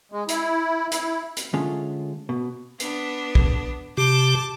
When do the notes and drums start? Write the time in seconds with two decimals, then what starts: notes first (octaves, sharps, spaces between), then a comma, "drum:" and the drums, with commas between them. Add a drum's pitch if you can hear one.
0.12 G#3
0.28 E4, drum: hi-hat
0.92 E4, drum: hi-hat
1.37 drum: hi-hat
1.54 D3 G#3 A3 C#4 F4
2.29 B2
2.80 B3 D4, drum: hi-hat
3.35 drum: kick
3.97 C3 G4 A5 D6